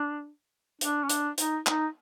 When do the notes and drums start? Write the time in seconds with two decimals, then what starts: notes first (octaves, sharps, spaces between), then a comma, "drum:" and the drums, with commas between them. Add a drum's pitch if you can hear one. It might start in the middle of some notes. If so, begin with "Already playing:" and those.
Already playing: D4
0.81 D4, drum: hi-hat
1.04 C#4
1.09 D4, drum: hi-hat
1.38 D#4, drum: hi-hat
1.67 D#4, drum: clap